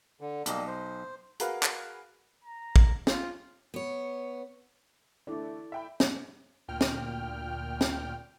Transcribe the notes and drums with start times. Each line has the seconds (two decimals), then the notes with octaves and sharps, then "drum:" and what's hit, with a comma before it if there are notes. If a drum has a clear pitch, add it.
0.21 D3
0.46 B1 G3 A#3 D#5, drum: hi-hat
0.67 C5
1.40 F#4 G#4 A#4 B4 F5, drum: hi-hat
1.63 drum: clap
2.44 A#5
2.76 drum: kick
3.07 F4, drum: snare
3.74 B3 C#5
5.27 D3 A3 E4 A4 D5
5.72 E5 G5 B5
6.00 drum: snare
6.68 D2 A#2 G5 F6
6.81 drum: snare
7.81 drum: snare